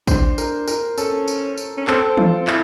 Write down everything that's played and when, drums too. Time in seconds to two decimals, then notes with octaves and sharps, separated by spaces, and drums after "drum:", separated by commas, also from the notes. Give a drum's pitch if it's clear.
0.07 D4 C5, drum: kick, tambourine
0.38 A#4, drum: tambourine
0.68 A#4, drum: tambourine
0.98 C#4 A4, drum: tambourine
1.28 drum: tambourine
1.58 drum: tambourine
1.77 C#4
1.87 C4 A4, drum: clap
2.10 C4
2.17 F4, drum: tom E3
2.32 C4
2.47 E4, drum: clap